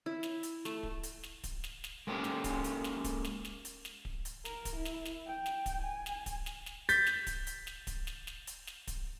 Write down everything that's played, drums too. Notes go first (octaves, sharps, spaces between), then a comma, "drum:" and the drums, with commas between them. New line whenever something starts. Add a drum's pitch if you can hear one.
E4
drum: snare
drum: hi-hat
A3, drum: snare
drum: kick D1
drum: hi-hat
drum: snare
drum: kick D1, hi-hat
drum: snare
drum: snare
G#3 A#3 C#4 G4 A4 A#4
drum: snare
drum: kick D1, hi-hat
drum: hi-hat
drum: snare
drum: kick D1, hi-hat
drum: snare
drum: snare
drum: hi-hat
drum: snare
drum: kick D1
drum: hi-hat
A#4, drum: snare
drum: kick D1, hi-hat
E4
drum: snare
drum: snare
G5
drum: snare
drum: kick D1, hi-hat
G#5
drum: snare
drum: kick D1, hi-hat
drum: snare
drum: snare
G6 A6 B6, drum: hi-hat
drum: snare
drum: kick D1, hi-hat
drum: hi-hat
drum: snare
drum: kick D1, hi-hat
drum: snare
drum: snare
drum: hi-hat
drum: snare
drum: kick D1, hi-hat